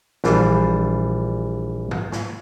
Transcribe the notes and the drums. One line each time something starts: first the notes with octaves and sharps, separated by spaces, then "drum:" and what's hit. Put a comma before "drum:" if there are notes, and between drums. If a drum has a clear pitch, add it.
A#1 E3 G3 F4 A5, drum: snare
drum: tom
drum: snare